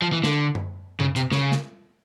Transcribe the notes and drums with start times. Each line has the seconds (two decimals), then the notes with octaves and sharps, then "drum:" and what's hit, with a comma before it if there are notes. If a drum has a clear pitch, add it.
0.02 F3
0.12 E3
0.24 D3, drum: snare
0.55 drum: tom F#2
1.00 C#3, drum: tom F#2
1.16 C3, drum: hi-hat
1.32 C#3, drum: snare
1.52 drum: snare